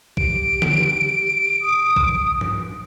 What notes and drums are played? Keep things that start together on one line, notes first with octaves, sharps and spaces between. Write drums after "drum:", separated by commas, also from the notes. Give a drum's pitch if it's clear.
G4 D7, drum: kick
drum: tom
D#6
drum: kick
drum: tom G2